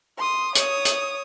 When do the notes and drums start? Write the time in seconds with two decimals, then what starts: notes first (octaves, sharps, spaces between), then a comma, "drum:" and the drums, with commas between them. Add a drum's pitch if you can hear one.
0.17 C6 D#6
0.55 C#5 D#6, drum: hi-hat
0.85 drum: hi-hat